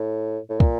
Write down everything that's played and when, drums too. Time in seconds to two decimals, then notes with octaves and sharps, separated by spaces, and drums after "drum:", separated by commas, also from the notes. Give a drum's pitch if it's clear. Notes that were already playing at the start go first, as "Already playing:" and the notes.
Already playing: A2
0.49 A2
0.60 A#2, drum: kick